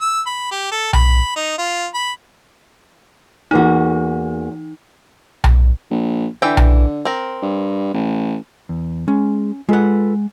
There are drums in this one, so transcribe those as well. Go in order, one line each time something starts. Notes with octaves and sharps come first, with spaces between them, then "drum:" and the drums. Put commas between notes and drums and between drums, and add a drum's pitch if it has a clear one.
E6
B5
G4
A4
B5, drum: tom B1
D#4
F4
B5
E2 E3 A#3 D#4 F#4
drum: tom B1
A#1
D3 E3 E5 G5
drum: tom B1
C4 A#4
G2
A1
E2
G#3 C#4
G#3 F4 A4 B4 F#5